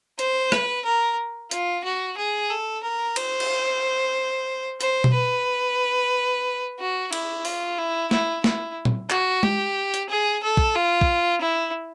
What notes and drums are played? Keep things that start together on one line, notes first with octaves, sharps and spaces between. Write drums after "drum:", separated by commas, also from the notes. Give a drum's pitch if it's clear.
C5, drum: hi-hat
B4, drum: rim click
A#4
F4, drum: hi-hat
F#4
G#4
A4
A#4
C5, drum: cymbal
drum: cymbal
C5, drum: hi-hat
drum: tom B2
B4
F#4
E4, drum: cymbal
F4, drum: open hi-hat
E4
E4, drum: snare
E4, drum: snare
drum: tom A#2
F#4, drum: clap
G4, drum: tom G#3
drum: hi-hat
G#4
A4
drum: kick
F4
drum: kick
E4